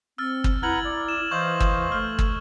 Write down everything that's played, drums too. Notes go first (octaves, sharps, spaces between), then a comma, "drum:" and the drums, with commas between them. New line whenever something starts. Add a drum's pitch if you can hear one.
C4 E6 F6 A6
drum: kick
E4 B4 F#5 A#5 F6 G#6 F#7
D5
E7
E3 C5 D#5 F5 C#6 G6 F#7
drum: kick
A3 F6
drum: kick